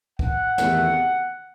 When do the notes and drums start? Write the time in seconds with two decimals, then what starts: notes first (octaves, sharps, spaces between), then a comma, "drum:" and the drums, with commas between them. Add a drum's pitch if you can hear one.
0.19 F#5, drum: kick
0.58 E2 C3 D#3 A3 E4, drum: snare